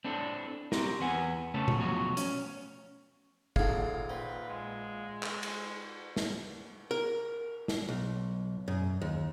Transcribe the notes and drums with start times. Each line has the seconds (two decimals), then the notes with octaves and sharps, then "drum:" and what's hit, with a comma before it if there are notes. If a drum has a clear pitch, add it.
0.04 C4 D4 E4 A4
0.72 C4 G4 A#4, drum: snare
1.00 E2 B4 F#5 G#5
1.54 C#3 A3 C#4 C#5 A5
1.68 drum: tom B2
1.78 F3 F#3 A3 B3 F#4 C#5
2.17 C#4, drum: hi-hat
3.56 A#1 D#3 G#4 A4 F5 F#5, drum: kick
4.09 C4 B4
4.49 G#3
5.23 drum: clap
5.43 drum: cymbal
6.16 drum: snare
6.91 A#4
7.68 drum: snare
7.89 B1
8.68 F#2
9.02 D#2